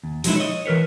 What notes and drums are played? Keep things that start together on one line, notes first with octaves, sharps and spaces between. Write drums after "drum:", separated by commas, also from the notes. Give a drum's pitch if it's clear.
D#2
F3 F#3 G#3 B3 D#4 E4, drum: hi-hat
C#5 D#5
E3 A#4 B4 C#5